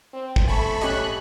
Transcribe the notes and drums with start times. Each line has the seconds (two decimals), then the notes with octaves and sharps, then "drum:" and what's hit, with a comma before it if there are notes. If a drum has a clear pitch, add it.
0.13 C4
0.36 drum: kick
0.48 A3 G#5 A5 B5 C#6
0.81 C#4 G4 D#5 G#5 F#6, drum: hi-hat